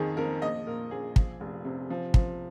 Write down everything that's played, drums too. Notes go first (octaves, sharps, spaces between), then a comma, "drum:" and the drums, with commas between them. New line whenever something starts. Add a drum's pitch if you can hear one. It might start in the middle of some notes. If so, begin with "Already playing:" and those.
Already playing: F2 D#3 G#4 A#4
F2 A#4
A#1 D#5
A#2 A#4
A#1 G#4
F3, drum: kick
F1
C3
F3
F3, drum: kick